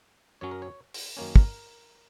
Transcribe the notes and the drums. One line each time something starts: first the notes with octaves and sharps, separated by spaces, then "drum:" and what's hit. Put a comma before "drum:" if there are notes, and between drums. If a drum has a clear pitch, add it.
F#2 F#3 C#4 C#5
A#4
C#5
drum: open hi-hat
F#2 D#3 A#3 C#4 C#5
A#4, drum: kick